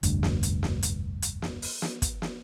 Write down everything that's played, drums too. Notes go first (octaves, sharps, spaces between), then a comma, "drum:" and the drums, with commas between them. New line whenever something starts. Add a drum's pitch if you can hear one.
F1 D2 G2, drum: hi-hat
drum: snare
drum: hi-hat
drum: snare
drum: hi-hat
drum: hi-hat
drum: snare
drum: open hi-hat
drum: snare
drum: kick, hi-hat
drum: snare